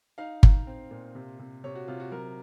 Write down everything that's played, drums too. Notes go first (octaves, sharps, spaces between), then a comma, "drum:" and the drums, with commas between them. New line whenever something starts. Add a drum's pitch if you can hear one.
D#4 F5
D#4, drum: kick G1
C4
A#2
C3
C3
C3 C#5
F#4
C3 F4
F#4
F#3 A#4